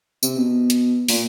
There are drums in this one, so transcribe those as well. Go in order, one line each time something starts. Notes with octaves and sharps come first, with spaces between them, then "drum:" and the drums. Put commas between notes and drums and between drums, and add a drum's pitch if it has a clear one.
C3, drum: tambourine
B2
drum: hi-hat
A#2, drum: open hi-hat